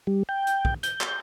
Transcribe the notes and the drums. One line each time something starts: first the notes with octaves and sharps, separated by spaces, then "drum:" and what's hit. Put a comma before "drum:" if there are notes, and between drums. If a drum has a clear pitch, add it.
G3
G5
drum: hi-hat
drum: kick
G6, drum: hi-hat
drum: clap